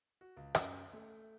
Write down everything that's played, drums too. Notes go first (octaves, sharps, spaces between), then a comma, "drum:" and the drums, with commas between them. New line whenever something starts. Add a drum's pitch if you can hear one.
F#4
C#2
F#2, drum: rim click
A3